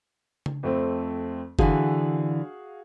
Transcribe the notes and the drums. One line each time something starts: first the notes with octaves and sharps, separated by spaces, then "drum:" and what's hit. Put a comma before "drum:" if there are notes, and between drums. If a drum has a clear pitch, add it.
drum: tom C#3
F2 A3 C4
D3 E3 F#4 G#4 F5, drum: kick F#1